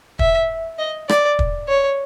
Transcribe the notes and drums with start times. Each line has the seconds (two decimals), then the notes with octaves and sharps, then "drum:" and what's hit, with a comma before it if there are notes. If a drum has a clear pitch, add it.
0.19 E5, drum: kick
0.79 D#5
1.09 D5, drum: rim click
1.39 drum: kick
1.68 C#5